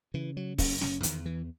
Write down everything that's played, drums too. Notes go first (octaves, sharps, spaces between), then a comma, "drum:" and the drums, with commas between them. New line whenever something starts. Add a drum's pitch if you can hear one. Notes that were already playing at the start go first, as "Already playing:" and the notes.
C#3 E3
F#3
F#1 C#4, drum: kick, open hi-hat
C#4, drum: snare
E2 D#3, drum: hi-hat
E3